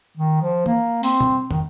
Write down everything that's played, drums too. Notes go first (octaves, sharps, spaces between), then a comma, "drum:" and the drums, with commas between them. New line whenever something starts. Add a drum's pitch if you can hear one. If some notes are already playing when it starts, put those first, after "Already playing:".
D#3
F3
A#3, drum: tom
C4, drum: open hi-hat
drum: tom
D#3, drum: tom